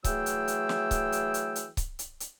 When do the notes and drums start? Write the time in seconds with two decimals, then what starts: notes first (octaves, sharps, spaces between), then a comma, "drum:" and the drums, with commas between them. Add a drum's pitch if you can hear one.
0.04 E3 F#3 A3 G#4 G5 E6, drum: kick C#1, hi-hat
0.26 drum: hi-hat
0.48 drum: hi-hat
0.69 drum: snare
0.91 drum: kick C#1, hi-hat
1.12 drum: hi-hat
1.34 drum: hi-hat
1.56 drum: hi-hat
1.77 drum: kick C#1, hi-hat
1.99 drum: hi-hat
2.20 drum: hi-hat